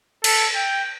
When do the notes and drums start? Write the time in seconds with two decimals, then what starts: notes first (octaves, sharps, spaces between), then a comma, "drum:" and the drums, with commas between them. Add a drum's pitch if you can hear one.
0.24 A4, drum: cymbal
0.55 G5